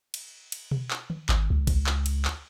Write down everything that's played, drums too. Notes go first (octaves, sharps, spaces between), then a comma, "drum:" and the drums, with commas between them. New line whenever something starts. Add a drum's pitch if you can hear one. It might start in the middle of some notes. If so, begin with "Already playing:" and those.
drum: cymbal
drum: cymbal
drum: tom B2
drum: clap
drum: tom D#3
G#1, drum: clap
C#2
drum: kick A1, cymbal
drum: clap
drum: cymbal
drum: clap